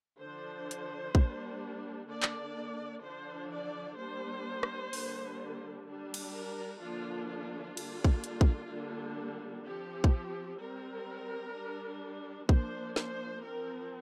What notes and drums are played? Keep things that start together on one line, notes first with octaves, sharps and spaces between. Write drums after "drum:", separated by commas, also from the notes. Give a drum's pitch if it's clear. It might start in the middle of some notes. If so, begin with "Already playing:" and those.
D3 F3 D4 C5
drum: hi-hat
G3 A#3 D4, drum: kick
D3 A#3 D4 D5
drum: clap
D3 F3 D4 C5
D5
G3 A#3 D4 C5
drum: rim click
D3 G3 A#3 D4, drum: open hi-hat
G3 D4
drum: cymbal
A#4
D3 F3 A#3 D4 F4
F4
D3 G3 A#3 D4, drum: cymbal
drum: kick
drum: hi-hat
drum: kick
D3 G3 A#3 D4
F3 C4 G4
drum: kick
G3 C4 A#4
G3 D4
F3 A#3 D4 C5, drum: kick
C5, drum: snare
F3 C4 A#4